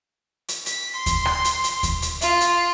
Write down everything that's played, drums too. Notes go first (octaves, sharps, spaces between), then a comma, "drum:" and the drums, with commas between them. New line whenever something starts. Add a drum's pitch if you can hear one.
drum: hi-hat
B6, drum: hi-hat
C6
drum: kick D#2, hi-hat
drum: rim click
drum: hi-hat
drum: hi-hat
drum: kick D#2, hi-hat
drum: hi-hat
F4, drum: hi-hat
drum: hi-hat